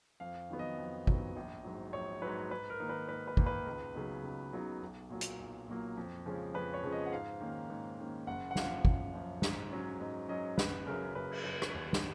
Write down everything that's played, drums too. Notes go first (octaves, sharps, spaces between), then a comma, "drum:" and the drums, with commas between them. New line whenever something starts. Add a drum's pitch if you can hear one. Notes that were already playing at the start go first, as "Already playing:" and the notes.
F2 F5
D#3 F#3 B3
D#5
F2
D#3 F#3 B3, drum: kick
A#1
G#2 F#3
A#1 C#5
G#2 F#3 B4
G#2 B4
A#4
D#3 A#3 D#4
B4
G#2 B4
B4
D#3 A#3 D#4, drum: kick
B4
C#2
C#3 F#3 B3 D#4
C#2
C#3 F#3 B3 D#4
B1
A#2 F#3 A#3
drum: hi-hat
B1
A#2 F#3 A#3
F2
C#3 F3 G#3 C#4
F2 B4
C#5
C#3 F3 G#3 C#4
D#5
F#5
G#2 F5
D#3 A#3 C#4
G#2
D#3 A#3 C#4
F#1 F#5
F#5
F#2 F3 F5, drum: snare
F#1, drum: kick
F#2 F3
G#2, drum: snare
F#3 C#4
G#2 D#5
F#3 C#4 D#5
F#1 B4, drum: snare
F#2 C#3 F#3 A#4
F#1 B4
drum: cymbal
F#2 C#3 F#3
drum: rim click
D#2
drum: snare